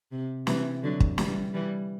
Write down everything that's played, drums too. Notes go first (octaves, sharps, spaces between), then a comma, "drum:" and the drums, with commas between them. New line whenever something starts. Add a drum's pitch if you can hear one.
C3
C3 E3, drum: snare
D3 F#3
drum: kick
E3 G3, drum: snare
E3 G3